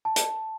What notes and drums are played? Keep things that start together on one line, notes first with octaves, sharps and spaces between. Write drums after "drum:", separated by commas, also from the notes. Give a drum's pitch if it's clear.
A5
drum: hi-hat